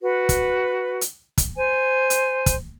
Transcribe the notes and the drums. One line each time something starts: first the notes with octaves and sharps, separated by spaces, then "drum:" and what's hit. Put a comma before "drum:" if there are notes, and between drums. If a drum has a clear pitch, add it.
F#4 B4
drum: kick, hi-hat
drum: hi-hat
drum: kick, hi-hat
C5 G#5
drum: hi-hat
drum: kick, hi-hat